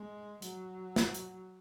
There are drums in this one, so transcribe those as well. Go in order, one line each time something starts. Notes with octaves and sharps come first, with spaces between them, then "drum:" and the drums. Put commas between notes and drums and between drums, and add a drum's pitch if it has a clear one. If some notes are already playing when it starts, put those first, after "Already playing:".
Already playing: G#3
F#3, drum: hi-hat
drum: snare
drum: hi-hat